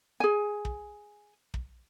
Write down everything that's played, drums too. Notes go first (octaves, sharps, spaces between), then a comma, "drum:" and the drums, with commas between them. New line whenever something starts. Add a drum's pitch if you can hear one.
G#4 G#5
drum: kick
drum: kick